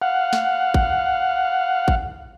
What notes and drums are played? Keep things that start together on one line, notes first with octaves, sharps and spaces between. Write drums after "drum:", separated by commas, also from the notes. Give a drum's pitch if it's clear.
F5 F#5
drum: snare
drum: kick A1
drum: kick A1